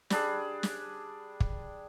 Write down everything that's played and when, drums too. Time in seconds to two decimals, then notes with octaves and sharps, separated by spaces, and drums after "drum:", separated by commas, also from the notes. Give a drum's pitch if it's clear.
0.10 G3 D4 G#4, drum: snare
0.63 drum: snare
1.40 drum: kick